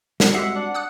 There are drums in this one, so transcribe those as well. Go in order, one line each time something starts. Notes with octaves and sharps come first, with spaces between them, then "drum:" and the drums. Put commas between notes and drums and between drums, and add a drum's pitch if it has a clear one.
G3 C4 F#4, drum: snare
G#3 G4 E5 F#5 C7
D4
F#5 D#6 F#6